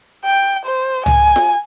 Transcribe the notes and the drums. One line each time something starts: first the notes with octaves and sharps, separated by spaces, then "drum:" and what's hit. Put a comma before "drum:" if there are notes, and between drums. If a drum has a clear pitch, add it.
G5
C5
G#5, drum: tom C2
drum: snare F4